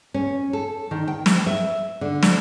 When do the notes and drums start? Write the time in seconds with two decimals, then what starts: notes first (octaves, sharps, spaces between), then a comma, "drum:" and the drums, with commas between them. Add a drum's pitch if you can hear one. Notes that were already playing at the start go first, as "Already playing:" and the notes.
0.14 C#4
0.53 A4
0.91 D#3
1.08 G5
1.26 drum: snare
1.46 E5
2.01 D3
2.23 drum: snare